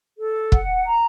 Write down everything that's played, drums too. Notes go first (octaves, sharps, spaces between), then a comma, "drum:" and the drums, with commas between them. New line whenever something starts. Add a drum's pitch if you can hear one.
A4
F#5, drum: kick
A#5